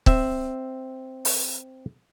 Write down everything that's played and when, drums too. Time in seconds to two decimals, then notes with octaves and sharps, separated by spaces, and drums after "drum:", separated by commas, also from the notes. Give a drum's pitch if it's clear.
0.06 C4 E5, drum: kick
1.25 drum: open hi-hat